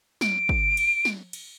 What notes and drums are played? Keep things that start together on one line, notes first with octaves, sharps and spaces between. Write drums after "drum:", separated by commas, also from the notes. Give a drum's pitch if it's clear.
D7, drum: snare
drum: kick
drum: cymbal
drum: snare
drum: cymbal